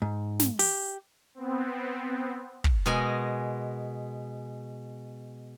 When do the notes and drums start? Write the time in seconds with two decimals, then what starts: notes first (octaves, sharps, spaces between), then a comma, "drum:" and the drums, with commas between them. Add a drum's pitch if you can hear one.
0.02 G#2
0.40 drum: snare
0.59 G4, drum: open hi-hat
1.35 B3 C4
2.64 drum: kick
2.86 B2 G#3 A#4 G#5